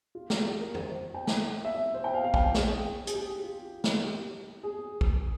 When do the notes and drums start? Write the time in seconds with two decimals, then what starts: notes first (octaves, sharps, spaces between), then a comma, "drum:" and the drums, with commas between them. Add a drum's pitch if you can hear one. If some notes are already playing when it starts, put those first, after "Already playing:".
0.15 F4
0.30 G4, drum: snare
0.45 G#4
0.60 A#4
0.74 C5, drum: tom
1.14 G5
1.27 drum: snare
1.65 E5
1.94 C5
2.04 G5
2.14 F5
2.24 F5
2.34 G5, drum: kick
2.44 F5
2.55 G#4, drum: snare
3.07 G#4, drum: hi-hat
3.14 G4
3.44 F4
3.84 drum: snare
4.04 G4
4.63 G#4
5.01 drum: kick